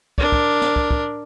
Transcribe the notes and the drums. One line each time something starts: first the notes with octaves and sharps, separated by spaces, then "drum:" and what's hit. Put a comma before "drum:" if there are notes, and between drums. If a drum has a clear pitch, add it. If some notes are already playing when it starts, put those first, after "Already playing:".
D4 A#4, drum: kick
drum: kick
drum: snare
drum: kick
drum: kick